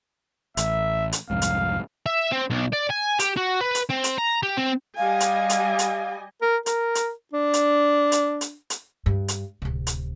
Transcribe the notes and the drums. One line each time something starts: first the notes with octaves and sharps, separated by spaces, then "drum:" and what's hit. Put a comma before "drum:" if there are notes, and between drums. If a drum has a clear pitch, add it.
A1 E5, drum: hi-hat
drum: hi-hat
C2 F2 G#2 F5
drum: hi-hat
E5
C4
B1
D5
G#5
G4, drum: hi-hat
F#4
B4
drum: hi-hat
C4
drum: hi-hat
A#5
G4
C4
G3 D#5 F5 G#5
drum: hi-hat
drum: hi-hat
drum: hi-hat
A#4
A#4, drum: hi-hat
drum: hi-hat
D4
drum: hi-hat
drum: hi-hat
drum: hi-hat
drum: hi-hat
G2
drum: hi-hat
D1 C3
drum: hi-hat